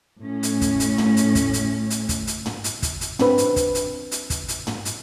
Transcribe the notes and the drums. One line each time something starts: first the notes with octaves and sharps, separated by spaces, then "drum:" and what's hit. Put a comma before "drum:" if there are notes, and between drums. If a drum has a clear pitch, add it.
A2 C#4
drum: hi-hat
drum: kick, hi-hat
drum: hi-hat
drum: tom
drum: hi-hat
drum: kick, hi-hat
drum: hi-hat
drum: hi-hat
drum: kick, hi-hat
drum: hi-hat
drum: tom
drum: hi-hat
drum: kick, hi-hat
drum: hi-hat
C4 D4 B4, drum: tom
drum: hi-hat
drum: kick, hi-hat
drum: hi-hat
drum: hi-hat
drum: kick, hi-hat
drum: hi-hat
drum: tom
drum: hi-hat